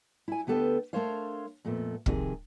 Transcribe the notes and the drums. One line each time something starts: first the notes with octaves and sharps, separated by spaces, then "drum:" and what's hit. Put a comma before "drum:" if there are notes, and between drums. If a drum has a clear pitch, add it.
E4 G#5
D2 B3 G4 A4 B4 G5
A3 D4 A#4 C5 C#5 F5
F2 A#2 A3 B3
F2 C3 D#3 F4 G#4, drum: kick